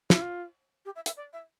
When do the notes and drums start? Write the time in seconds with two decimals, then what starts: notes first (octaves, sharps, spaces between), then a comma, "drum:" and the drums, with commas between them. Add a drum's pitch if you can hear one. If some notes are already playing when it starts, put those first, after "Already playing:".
0.10 E4, drum: snare
0.21 F4
0.85 G4
0.95 E5
1.06 E5, drum: hi-hat
1.17 D5
1.33 E5